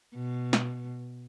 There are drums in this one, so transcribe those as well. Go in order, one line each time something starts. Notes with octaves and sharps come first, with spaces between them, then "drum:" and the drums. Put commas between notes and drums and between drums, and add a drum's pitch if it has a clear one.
B2
drum: snare